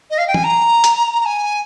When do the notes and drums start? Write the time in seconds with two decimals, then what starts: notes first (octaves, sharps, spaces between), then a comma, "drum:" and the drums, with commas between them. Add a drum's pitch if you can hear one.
0.10 D#5
0.18 F5
0.27 G5
0.34 G#5, drum: tom
0.44 A#5
0.84 drum: hi-hat
1.20 A#5
1.25 G#5